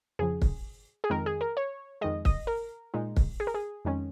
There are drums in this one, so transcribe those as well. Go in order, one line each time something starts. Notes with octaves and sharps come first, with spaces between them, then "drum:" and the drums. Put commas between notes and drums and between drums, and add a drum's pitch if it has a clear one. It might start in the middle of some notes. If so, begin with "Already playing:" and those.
F2 C#3 F3 G#4
drum: kick
G#4
F2 D#3 G#3 A#4
G#4
A#4
C#5
F2 D#3 G#3 D#5
D#5, drum: kick
A#4
A#2 G#3 D#4
drum: kick
G#4
A#4
G#4
F2 D#3 G#3 C#4